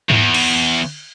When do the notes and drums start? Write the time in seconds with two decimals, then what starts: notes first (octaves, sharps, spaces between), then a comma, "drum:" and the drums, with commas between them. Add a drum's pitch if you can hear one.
0.10 E2 G2, drum: tom G#2
0.34 drum: cymbal